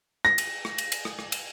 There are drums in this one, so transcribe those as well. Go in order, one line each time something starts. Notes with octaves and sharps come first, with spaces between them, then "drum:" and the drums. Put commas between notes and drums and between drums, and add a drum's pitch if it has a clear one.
A#6, drum: rim click
drum: cymbal
drum: rim click
drum: cymbal
drum: cymbal
drum: rim click
drum: rim click
drum: cymbal